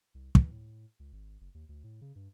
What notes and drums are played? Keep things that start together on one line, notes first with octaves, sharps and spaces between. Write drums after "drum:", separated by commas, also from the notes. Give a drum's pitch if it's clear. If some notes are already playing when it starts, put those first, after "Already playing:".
C2
E3, drum: kick
A2
C#2
G#1
F#1
D#2
D2
A2
C#3
G2